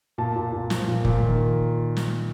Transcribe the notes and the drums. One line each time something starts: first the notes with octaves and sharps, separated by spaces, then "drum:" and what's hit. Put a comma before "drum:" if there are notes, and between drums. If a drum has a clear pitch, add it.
A#2 A5
A#2
A#2
F3, drum: snare
A#2
A#2, drum: kick F1
D#3
drum: snare